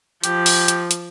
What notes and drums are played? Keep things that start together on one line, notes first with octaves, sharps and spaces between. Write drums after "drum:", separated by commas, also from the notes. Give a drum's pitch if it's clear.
F3 G4, drum: hi-hat
drum: open hi-hat
drum: hi-hat
drum: hi-hat